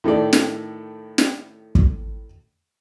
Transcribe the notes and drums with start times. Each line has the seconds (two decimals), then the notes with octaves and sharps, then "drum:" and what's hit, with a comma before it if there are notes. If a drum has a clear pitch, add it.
0.04 A2 D#3 A4 D5
0.33 drum: snare
1.18 drum: snare
1.75 drum: kick